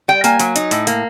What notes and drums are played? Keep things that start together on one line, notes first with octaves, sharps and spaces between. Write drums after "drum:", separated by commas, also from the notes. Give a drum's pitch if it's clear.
G3 G5
A#3 G#5, drum: hi-hat
F#3, drum: hi-hat
D#4, drum: hi-hat
A2, drum: hi-hat
A#3, drum: hi-hat